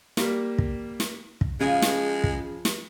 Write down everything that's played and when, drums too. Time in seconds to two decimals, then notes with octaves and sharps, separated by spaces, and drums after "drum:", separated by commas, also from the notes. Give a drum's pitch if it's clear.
0.17 G3 A#3, drum: snare
0.58 drum: kick
1.00 drum: snare
1.41 drum: kick
1.60 C#3 F3 G#3 F4 G#4
1.82 drum: snare
2.24 drum: kick
2.65 drum: snare